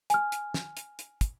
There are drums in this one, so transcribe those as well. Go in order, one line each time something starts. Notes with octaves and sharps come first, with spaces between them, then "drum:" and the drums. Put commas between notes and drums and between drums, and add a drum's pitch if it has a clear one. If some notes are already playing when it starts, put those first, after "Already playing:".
G#5 F6, drum: hi-hat
drum: hi-hat
drum: snare
drum: hi-hat
drum: hi-hat
drum: kick, hi-hat